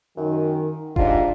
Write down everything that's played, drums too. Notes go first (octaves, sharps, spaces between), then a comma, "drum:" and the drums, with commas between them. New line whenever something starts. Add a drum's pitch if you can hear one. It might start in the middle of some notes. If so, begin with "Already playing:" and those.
F#2 D#3
G#2 C3 D4 F4, drum: kick E1